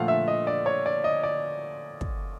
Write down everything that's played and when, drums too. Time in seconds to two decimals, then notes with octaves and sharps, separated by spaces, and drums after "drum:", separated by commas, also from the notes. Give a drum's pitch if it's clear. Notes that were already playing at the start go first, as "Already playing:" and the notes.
Already playing: A#2 F3 A3 F5 F#5
0.08 E5
0.28 D#5
0.47 D5
0.66 C#5
0.86 D5
1.04 D#5
1.23 D5
2.01 drum: kick